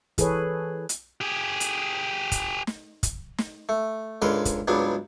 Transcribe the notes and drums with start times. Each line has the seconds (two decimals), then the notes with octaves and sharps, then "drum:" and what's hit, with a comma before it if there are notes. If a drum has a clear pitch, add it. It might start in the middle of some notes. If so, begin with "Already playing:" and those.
0.18 E3 G#4 A4 B4 C#5, drum: kick, hi-hat
0.89 drum: hi-hat
1.21 G4 G#4
1.60 drum: hi-hat
2.32 drum: kick, hi-hat
2.67 drum: snare
3.03 drum: kick, hi-hat
3.38 drum: snare
3.69 A3
4.22 C#2 G#2 D3 A#4 B4 C6
4.45 drum: kick, hi-hat
4.68 C#2 G#2 F#3 G3 B3 D4